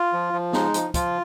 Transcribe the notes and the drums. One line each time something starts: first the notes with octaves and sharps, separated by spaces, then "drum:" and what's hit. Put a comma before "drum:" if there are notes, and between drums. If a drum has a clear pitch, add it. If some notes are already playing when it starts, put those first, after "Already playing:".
Already playing: F4
F3
F3
G#3 D#4, drum: snare
F3, drum: hi-hat
F3 F4, drum: kick, hi-hat